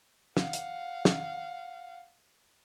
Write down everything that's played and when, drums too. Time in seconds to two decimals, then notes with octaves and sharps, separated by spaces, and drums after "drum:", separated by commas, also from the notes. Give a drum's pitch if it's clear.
0.37 F5 F#5, drum: snare
0.53 drum: hi-hat
1.05 drum: snare